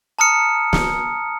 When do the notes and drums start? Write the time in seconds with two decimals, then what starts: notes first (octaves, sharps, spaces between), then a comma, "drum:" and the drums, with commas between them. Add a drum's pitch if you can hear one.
0.19 A5 A#5 D#6 F6 C#7
0.73 drum: snare